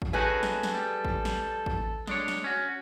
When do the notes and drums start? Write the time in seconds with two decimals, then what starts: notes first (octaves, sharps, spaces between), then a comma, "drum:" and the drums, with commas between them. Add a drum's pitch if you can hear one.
0.02 drum: kick A1
0.13 C#4 D#4 F#4 G#4 A4 B4 G#5
0.43 drum: snare
0.63 drum: snare
0.74 G3
1.05 drum: kick A1
1.25 drum: snare
1.66 drum: kick A1
2.07 G#3 D4 C#5, drum: snare
2.28 drum: snare
2.44 C#4 F#4